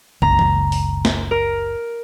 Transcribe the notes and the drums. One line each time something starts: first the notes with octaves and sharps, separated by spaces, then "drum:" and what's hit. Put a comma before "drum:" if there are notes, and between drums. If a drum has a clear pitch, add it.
F#1 C#2 A#5, drum: kick B1
drum: tom E3
drum: open hi-hat
drum: snare
A#4